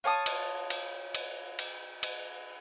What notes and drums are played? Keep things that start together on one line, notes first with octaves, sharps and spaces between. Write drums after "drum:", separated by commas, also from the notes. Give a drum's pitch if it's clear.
F4 C#5 A5 D#6
drum: cymbal
drum: cymbal
drum: cymbal
drum: cymbal
drum: cymbal